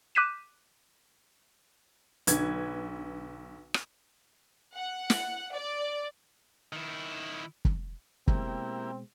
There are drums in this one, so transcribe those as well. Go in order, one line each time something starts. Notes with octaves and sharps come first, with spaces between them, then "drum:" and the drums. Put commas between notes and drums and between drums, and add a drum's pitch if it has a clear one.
D6 F#6 G6 B6 D#7 E7
B1 D3 B4 G#6, drum: hi-hat
drum: rim click
F#5
drum: snare
D5
D#3 E4
drum: kick
B2 G#3 A#3 C4 E4 G4, drum: kick